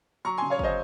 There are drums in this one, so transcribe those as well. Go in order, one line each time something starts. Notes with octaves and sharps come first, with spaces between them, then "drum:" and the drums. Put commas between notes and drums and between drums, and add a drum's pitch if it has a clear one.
F#3 A#5 C#6
C#3 G#5 C6
C#5 F5
F#3 C5 D#5, drum: kick